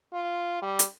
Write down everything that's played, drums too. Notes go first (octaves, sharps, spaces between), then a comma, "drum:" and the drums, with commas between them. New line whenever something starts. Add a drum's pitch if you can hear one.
F4
G3
drum: hi-hat